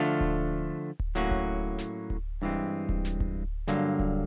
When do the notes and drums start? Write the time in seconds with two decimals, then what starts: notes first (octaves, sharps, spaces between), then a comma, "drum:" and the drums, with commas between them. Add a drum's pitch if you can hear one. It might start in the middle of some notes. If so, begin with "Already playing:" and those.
Already playing: D3 F3 A3 D4 F4
0.21 drum: kick D1
0.99 drum: kick D1
1.15 A2 F#3 A#3 C#4 F#4, drum: snare
1.31 drum: kick D1
1.78 drum: snare
2.10 drum: kick D1
2.42 G2 E3 G#3 C4
2.89 drum: kick D1
3.05 drum: snare
3.20 drum: kick D1
3.68 G2 D3 F#3 A#3, drum: snare
3.99 drum: kick D1